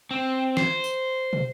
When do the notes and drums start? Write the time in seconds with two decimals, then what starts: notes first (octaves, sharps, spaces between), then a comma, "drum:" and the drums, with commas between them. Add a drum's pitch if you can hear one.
0.11 C4
0.57 C5, drum: snare
0.84 drum: tambourine
1.33 drum: tom